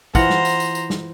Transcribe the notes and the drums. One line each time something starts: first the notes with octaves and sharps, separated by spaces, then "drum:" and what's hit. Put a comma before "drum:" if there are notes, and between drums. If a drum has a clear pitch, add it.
E3 F4 C5 F#5 A#5, drum: kick, tambourine
drum: snare
drum: tambourine
drum: tambourine
drum: tambourine
drum: snare